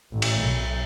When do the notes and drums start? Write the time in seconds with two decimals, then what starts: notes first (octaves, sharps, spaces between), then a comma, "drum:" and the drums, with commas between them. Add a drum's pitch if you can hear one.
0.12 A1
0.22 drum: cymbal
0.41 B1